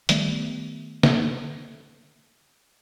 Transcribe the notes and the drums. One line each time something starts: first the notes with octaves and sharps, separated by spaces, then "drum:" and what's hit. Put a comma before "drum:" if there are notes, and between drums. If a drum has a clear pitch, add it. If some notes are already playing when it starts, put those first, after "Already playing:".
D#3 G3 A3 B3, drum: hi-hat
drum: snare